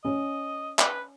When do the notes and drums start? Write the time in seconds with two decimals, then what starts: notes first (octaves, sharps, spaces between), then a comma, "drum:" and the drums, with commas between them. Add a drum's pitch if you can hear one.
0.04 C#4 D#5
0.79 B4, drum: clap